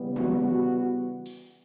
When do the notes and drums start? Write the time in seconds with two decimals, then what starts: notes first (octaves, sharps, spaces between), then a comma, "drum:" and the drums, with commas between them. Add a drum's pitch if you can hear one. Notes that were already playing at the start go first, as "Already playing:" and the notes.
Already playing: C#3 E3 G3 B3
0.16 F#4, drum: tom
0.46 F#4
1.26 drum: open hi-hat